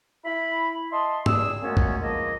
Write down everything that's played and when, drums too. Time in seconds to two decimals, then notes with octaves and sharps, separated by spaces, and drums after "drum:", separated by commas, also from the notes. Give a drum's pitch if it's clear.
0.25 E4 B5
0.92 D#5 E5 A5 C6
1.26 E2 G2 G#4 E6, drum: tom G#2
1.62 F#2 A#2 G#3 A3 B3 C#4
1.77 drum: kick
2.02 C#2 D#3 F3 G#3 A#3 D#5